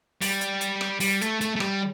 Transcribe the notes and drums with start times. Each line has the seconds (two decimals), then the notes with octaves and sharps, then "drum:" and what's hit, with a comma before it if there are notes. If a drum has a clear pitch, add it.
0.21 G3, drum: open hi-hat
0.41 drum: hi-hat
0.61 drum: hi-hat
0.81 drum: rim click
1.00 G3, drum: open hi-hat
1.21 A3, drum: hi-hat
1.41 A3, drum: hi-hat
1.56 A3
1.60 G3, drum: rim click